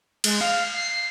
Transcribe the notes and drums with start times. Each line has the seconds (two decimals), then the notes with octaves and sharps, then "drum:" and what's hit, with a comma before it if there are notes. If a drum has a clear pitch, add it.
0.24 G#3, drum: cymbal
0.41 F5
0.74 C7